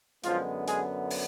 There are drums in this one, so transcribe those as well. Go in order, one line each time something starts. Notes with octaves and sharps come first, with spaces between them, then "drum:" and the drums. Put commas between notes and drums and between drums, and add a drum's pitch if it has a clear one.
F#2 D3 F3 G#3 B3 F4, drum: hi-hat
G#3 G#4, drum: hi-hat
drum: open hi-hat